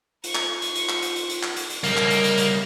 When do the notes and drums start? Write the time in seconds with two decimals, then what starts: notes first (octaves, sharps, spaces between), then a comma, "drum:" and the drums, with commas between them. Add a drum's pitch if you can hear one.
0.24 F4 C5 C#6, drum: hi-hat
0.35 drum: clap
0.62 drum: hi-hat
0.76 drum: hi-hat
0.89 drum: clap
1.03 drum: hi-hat
1.16 drum: hi-hat
1.30 drum: hi-hat
1.43 drum: clap
1.57 drum: hi-hat
1.70 drum: hi-hat
1.84 C#3 G3 A#3 A#4 C#5 D#5, drum: hi-hat
1.97 drum: clap
2.11 drum: hi-hat
2.24 drum: hi-hat
2.38 drum: hi-hat